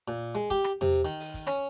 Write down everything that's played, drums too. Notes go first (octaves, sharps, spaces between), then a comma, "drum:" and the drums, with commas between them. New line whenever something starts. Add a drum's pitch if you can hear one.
A#2
G#3
G4, drum: kick, hi-hat
drum: rim click
C3, drum: tom E2
drum: hi-hat
D#3, drum: hi-hat
drum: open hi-hat
drum: kick, hi-hat
C#4, drum: rim click